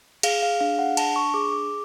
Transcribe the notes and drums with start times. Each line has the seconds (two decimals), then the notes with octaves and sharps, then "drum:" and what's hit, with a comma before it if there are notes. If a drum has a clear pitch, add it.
0.23 G#4 F5, drum: cymbal
0.42 F5
0.61 D4 F5
0.79 F#5
0.97 D4 A5, drum: cymbal
1.16 C#6
1.34 G#4 D6
1.53 D6